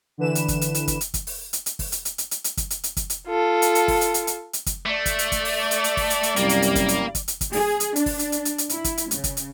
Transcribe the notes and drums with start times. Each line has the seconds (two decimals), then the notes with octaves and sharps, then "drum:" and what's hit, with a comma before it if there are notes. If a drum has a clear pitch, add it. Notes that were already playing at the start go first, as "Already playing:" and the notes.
0.18 D3 E3 B4 E7
0.35 drum: hi-hat
0.48 drum: kick, hi-hat
0.61 drum: hi-hat
0.74 drum: hi-hat
0.88 drum: kick, hi-hat
1.01 drum: hi-hat
1.14 drum: kick, hi-hat
1.27 drum: open hi-hat
1.53 drum: hi-hat
1.66 drum: hi-hat
1.79 drum: kick, open hi-hat
1.92 drum: hi-hat
2.05 drum: hi-hat
2.18 drum: hi-hat
2.31 drum: hi-hat
2.44 drum: hi-hat
2.57 drum: kick, hi-hat
2.70 drum: hi-hat
2.84 drum: hi-hat
2.97 drum: kick, hi-hat
3.10 drum: hi-hat
3.28 F4 A4
3.62 drum: hi-hat
3.75 drum: hi-hat
3.88 drum: kick, open hi-hat
4.01 drum: hi-hat
4.14 drum: hi-hat
4.27 drum: hi-hat
4.53 drum: hi-hat
4.66 drum: kick, hi-hat
4.86 A3 D5
5.06 drum: kick, hi-hat
5.19 drum: hi-hat
5.32 drum: kick, hi-hat
5.45 drum: open hi-hat
5.71 drum: hi-hat
5.84 drum: hi-hat
5.97 drum: kick, open hi-hat
6.10 drum: hi-hat
6.23 drum: hi-hat
6.36 C2 F#2 G3 A#3, drum: hi-hat
6.49 drum: hi-hat
6.62 drum: hi-hat
6.75 drum: kick, hi-hat
6.88 drum: hi-hat
7.15 drum: kick, hi-hat
7.28 drum: hi-hat
7.41 drum: kick, hi-hat
7.53 G#4, drum: open hi-hat
7.80 drum: hi-hat
7.96 D4, drum: hi-hat
8.06 drum: kick, open hi-hat
8.19 drum: hi-hat
8.32 drum: hi-hat
8.45 drum: hi-hat
8.58 drum: hi-hat
8.69 E4, drum: hi-hat
8.84 drum: kick, hi-hat
8.98 drum: hi-hat
9.11 C#3, drum: hi-hat
9.24 drum: kick, hi-hat
9.37 drum: hi-hat